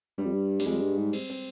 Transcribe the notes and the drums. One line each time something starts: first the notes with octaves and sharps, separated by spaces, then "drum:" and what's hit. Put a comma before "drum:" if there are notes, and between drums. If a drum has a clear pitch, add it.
G2 G3
F2
G2
G3, drum: open hi-hat
F2 G#3
G2
G#2
C4, drum: cymbal
C4